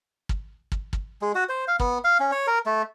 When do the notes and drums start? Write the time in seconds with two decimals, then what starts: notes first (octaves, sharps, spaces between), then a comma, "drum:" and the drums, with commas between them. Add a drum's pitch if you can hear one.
0.29 drum: kick
0.72 drum: kick
0.93 drum: kick
1.21 G#3
1.35 F#4
1.49 C5
1.68 F5
1.80 B3, drum: kick
2.04 F5
2.20 C#4
2.32 C#5
2.47 A#4
2.66 A3